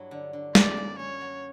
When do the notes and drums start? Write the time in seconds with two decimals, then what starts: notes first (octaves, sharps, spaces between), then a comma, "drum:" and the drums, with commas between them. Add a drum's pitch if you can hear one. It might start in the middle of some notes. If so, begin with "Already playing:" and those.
Already playing: G2 F#3 E4
0.11 D3
0.33 D3
0.55 F#2 D5, drum: snare
0.77 A#3
0.99 C#4 C#5
1.21 F#3